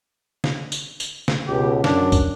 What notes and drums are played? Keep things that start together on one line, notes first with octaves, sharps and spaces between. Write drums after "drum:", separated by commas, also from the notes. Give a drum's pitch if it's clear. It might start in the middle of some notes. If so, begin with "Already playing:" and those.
drum: snare
drum: tambourine
drum: tambourine
drum: snare
C#2 B2 G4
F#2 D4, drum: snare
drum: kick, tambourine